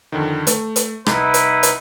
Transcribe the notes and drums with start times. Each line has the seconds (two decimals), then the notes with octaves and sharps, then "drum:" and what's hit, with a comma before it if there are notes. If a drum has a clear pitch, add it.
0.12 F2 D3 D#3
0.47 A3, drum: hi-hat
0.76 drum: hi-hat
1.06 C2 D#4 E4 B4, drum: rim click
1.34 drum: hi-hat
1.63 drum: hi-hat